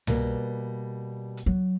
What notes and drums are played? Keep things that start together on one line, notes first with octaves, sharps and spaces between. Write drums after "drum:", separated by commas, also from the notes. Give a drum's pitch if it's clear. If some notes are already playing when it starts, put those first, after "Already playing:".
B2 G3 A#3, drum: tom C2
drum: hi-hat
F#3